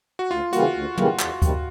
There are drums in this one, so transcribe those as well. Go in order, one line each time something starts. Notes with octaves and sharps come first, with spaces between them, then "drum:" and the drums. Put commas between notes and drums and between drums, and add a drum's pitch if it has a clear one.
F#4
D2 F4
C#3 E3 G3 A#3 F#4, drum: hi-hat
D2
C#3 E3 G3 A#3, drum: tom
E2, drum: clap
C3 D#3 G3, drum: kick D2, hi-hat